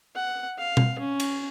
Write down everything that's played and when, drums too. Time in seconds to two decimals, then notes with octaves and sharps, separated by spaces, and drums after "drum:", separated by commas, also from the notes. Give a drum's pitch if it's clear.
0.16 F#5
0.59 F5
0.77 drum: tom B2
0.99 C#4
1.20 drum: cymbal